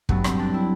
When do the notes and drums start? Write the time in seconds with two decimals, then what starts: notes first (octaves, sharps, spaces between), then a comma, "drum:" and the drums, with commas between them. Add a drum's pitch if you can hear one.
0.09 G2 F#3 A3 B3, drum: kick
0.24 C4, drum: rim click
0.39 D4
0.54 E4